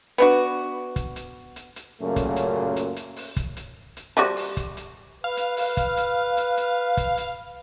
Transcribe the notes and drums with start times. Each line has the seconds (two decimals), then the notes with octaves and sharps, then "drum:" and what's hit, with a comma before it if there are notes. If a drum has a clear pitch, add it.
0.18 B3 D4 F#4
0.96 drum: kick, hi-hat
1.16 drum: hi-hat
1.56 drum: hi-hat
1.76 drum: hi-hat
2.02 F#2 A#2 C#3 F#3 A3 A#3
2.16 drum: kick, hi-hat
2.36 drum: hi-hat
2.76 drum: hi-hat
2.96 drum: hi-hat
3.16 drum: open hi-hat
3.36 drum: kick, hi-hat
3.57 drum: hi-hat
3.97 drum: hi-hat
4.17 F3 G3 F#4, drum: hi-hat
4.37 drum: open hi-hat
4.57 drum: kick, hi-hat
4.77 drum: hi-hat
5.24 B4 F5
5.37 drum: hi-hat
5.57 drum: open hi-hat
5.77 drum: kick, hi-hat
5.97 drum: hi-hat
6.37 drum: hi-hat
6.57 drum: hi-hat
6.97 drum: kick, hi-hat
7.17 drum: hi-hat